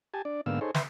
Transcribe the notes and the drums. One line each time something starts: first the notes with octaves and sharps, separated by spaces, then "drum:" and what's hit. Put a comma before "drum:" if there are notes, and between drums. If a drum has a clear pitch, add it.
G4 G#5 A5
D4 D5
G#2 D3 A#3 B3 F5 E6
D#4 G#4 A4 C5 C#5
B4 E5 C6, drum: snare